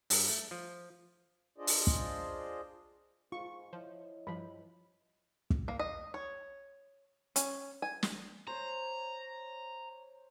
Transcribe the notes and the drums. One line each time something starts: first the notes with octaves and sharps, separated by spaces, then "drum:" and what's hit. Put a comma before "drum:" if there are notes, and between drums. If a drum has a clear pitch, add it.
G2, drum: open hi-hat
A3
F3
D4 F4 G#4 C5 D5 D#5
drum: open hi-hat
drum: kick
G#2 F4 C#6
F3 E4 C#5 D#5
G2 F3 B5
drum: kick
A#3
D#5
C#5
C#4, drum: hi-hat
G#5
drum: snare
C5 C#5 A#5